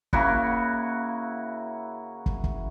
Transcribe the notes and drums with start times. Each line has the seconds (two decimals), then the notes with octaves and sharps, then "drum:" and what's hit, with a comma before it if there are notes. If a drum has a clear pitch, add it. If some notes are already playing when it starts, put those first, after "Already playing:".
0.13 C#3 A#3 E4 F#4, drum: kick
2.26 drum: kick
2.44 drum: kick